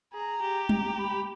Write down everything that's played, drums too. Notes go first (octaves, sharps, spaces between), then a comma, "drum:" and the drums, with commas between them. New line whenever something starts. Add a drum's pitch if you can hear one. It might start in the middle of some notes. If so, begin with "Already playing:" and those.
G#4 A#5
G4
A#5, drum: tom
B5